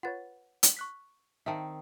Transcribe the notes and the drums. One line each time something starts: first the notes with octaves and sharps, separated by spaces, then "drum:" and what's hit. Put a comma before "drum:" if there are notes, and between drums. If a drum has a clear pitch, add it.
F4 B4 C#5 F#5 A6
drum: hi-hat
C#6 F#6 B6
D#3 C4 D#4 E5 F5 A5